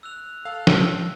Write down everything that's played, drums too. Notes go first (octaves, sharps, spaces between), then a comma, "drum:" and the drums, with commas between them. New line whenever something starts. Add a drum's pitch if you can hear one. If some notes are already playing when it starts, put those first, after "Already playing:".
E6 F#6 F7
A4 F5
drum: snare